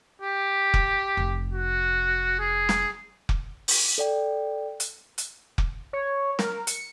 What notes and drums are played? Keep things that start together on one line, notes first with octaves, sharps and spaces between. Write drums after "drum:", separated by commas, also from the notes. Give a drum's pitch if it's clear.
G4
drum: kick F1
F1
F#4
G#4
drum: snare
drum: kick F1
drum: open hi-hat
A4 D5 G5
drum: hi-hat
drum: hi-hat
drum: kick F1
C#5
A#4, drum: snare
C#7, drum: hi-hat